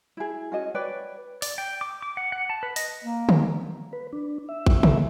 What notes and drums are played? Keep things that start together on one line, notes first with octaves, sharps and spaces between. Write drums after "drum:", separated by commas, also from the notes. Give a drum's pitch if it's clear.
E4 G#4
C#4 F#4 D#5
B4 C#5 D5 G5
D5, drum: open hi-hat
G5
D6
D6
F#5
F#5
A5
B4
D#5, drum: open hi-hat
A#3
drum: tom D3
B4
D4
E5
drum: kick
drum: tom C3